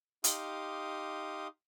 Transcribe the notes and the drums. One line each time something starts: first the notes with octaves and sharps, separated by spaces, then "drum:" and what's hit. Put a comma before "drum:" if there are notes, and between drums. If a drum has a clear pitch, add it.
D#4 G4 F5 C6 D6 D#6, drum: hi-hat